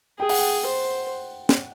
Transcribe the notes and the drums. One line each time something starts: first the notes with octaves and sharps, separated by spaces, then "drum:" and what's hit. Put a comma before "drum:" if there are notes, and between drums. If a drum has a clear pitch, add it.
G#4 G5
F#5, drum: open hi-hat
G5
C5
drum: snare